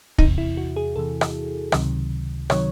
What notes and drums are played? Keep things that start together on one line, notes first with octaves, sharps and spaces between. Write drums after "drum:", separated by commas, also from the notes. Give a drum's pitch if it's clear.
E2 C3 E3 D#4, drum: kick
E4
F#4
G#4
E2 C3 E3 A4
drum: rim click
C#2 C3 D#3 F#3, drum: rim click
C3 D#3 F#3 C#5, drum: rim click